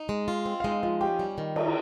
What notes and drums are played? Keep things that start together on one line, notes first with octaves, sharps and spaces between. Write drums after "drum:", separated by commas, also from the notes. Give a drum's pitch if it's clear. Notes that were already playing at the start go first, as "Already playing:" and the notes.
Already playing: D#4
G#3
F4
C4
F5
G#3 D#4 D#5
F3 F4 F5
C#4 G4 G5
G3
D#3
C#4, drum: cymbal
A#5